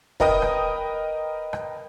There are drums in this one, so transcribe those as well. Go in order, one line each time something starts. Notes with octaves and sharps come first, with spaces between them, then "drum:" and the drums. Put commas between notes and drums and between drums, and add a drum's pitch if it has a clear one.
A#4 B4 D#5 G5 D#6, drum: kick
drum: rim click
drum: rim click